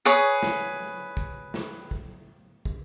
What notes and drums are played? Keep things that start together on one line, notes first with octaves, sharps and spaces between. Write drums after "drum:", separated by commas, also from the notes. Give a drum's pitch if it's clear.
G#4 B4 C#5 D#6
drum: snare
drum: kick
drum: snare
drum: kick
drum: kick